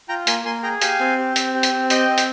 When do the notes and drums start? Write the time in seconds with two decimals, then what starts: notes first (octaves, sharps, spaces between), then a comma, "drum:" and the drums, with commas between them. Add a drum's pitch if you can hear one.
0.09 F4 G5 A#5
0.27 A#3 G#5 C6, drum: hi-hat
0.45 A#3 G#5 C6
0.63 G#4 G5 A#5
0.81 G4 F5 G#5, drum: hi-hat
1.00 C4
1.18 G4
1.36 C4, drum: hi-hat
1.54 G4
1.63 drum: hi-hat
1.72 C4
1.90 G4 D#5 G5, drum: hi-hat
2.08 C4
2.18 drum: hi-hat